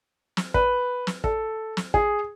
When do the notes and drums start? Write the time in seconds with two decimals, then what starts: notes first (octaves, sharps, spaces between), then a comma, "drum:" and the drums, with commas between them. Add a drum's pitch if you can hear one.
0.37 drum: snare
0.54 B4, drum: kick
1.07 drum: snare
1.24 A4, drum: kick
1.77 drum: snare
1.94 G#4, drum: kick